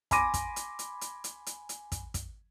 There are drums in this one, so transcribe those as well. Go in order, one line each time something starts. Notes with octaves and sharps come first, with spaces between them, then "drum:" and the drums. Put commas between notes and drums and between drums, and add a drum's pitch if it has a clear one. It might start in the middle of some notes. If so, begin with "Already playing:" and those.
G#5 B5 C6 D6 A#6 D#7, drum: kick, hi-hat
drum: kick, hi-hat
drum: hi-hat
drum: hi-hat
drum: hi-hat
drum: hi-hat
drum: hi-hat
drum: hi-hat
drum: kick, hi-hat
drum: kick, hi-hat